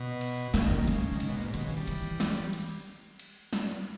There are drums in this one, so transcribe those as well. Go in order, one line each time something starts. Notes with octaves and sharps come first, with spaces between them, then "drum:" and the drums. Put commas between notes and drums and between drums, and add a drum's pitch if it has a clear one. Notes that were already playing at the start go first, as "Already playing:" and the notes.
Already playing: B2
drum: cymbal
C#3 A#3, drum: snare
D#3
A#3
D#3
C#3 G#3, drum: cymbal
D#3
C#3, drum: cymbal
B2
A#2
G#2
B2 D#3, drum: cymbal
C#3
G3
E3, drum: cymbal
drum: snare
drum: cymbal
drum: cymbal
drum: snare